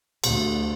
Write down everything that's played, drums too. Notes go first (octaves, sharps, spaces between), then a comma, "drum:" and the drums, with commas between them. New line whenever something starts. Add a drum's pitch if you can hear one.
D2, drum: cymbal